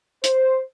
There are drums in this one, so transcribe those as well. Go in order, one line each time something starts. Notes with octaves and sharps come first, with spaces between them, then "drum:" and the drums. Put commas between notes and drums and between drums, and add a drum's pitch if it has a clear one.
C5, drum: hi-hat